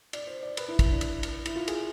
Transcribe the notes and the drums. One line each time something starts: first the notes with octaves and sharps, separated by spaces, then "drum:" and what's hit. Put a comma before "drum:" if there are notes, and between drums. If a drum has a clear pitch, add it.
D5, drum: cymbal
C5
D5
B4, drum: cymbal
E4
drum: kick, cymbal
D4
drum: cymbal
drum: cymbal
E4, drum: cymbal
F4
G#4, drum: cymbal